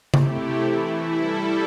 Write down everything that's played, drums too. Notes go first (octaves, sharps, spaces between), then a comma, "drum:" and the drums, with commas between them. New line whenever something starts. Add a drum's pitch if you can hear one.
C3 A3 E4 G4, drum: tom C#3
E3 A3 E4
G3 E4 A4